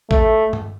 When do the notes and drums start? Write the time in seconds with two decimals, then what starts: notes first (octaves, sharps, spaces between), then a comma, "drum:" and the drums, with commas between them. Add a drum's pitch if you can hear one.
0.11 A3, drum: kick A1
0.53 drum: tom G2